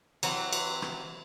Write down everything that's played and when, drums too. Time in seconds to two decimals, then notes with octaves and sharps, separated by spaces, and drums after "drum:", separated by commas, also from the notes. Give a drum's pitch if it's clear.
0.23 E3 F#3 C4 B4, drum: cymbal
0.53 drum: cymbal
0.82 drum: rim click